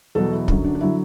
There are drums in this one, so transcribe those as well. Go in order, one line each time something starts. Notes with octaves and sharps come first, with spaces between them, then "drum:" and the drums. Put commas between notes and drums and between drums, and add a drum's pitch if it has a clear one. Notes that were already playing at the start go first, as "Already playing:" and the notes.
E2 B2 F#3 A4
E4
F#2 D3 F#3, drum: kick
D4
D4
D3 F#3 E4